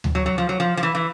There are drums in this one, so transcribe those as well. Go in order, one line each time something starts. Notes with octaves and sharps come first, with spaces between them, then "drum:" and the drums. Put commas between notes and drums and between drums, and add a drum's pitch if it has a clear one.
drum: tom D2
F#3
F#3
F3
F#3
F3
F3
E3
E3